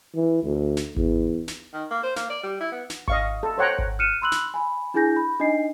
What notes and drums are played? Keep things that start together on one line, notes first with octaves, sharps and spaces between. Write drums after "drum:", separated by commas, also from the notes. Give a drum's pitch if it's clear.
E3
D2
drum: snare
E2, drum: kick G#1
drum: snare
D#3
A#3
C5
A#3, drum: snare
D5
G3
E4
B3
drum: snare
D#5 F5 C#6, drum: kick G#1
A4
C5 C#5 F#5 G5 A#5
drum: kick G#1
F6 F#6 C#7 D#7 E7
B5 C6 E6 F#6 F#7
drum: snare
G#5 B5
D4 E4 G#4 G#5 G6 A#6
B5
D4 D#4 D#5 G#5 C7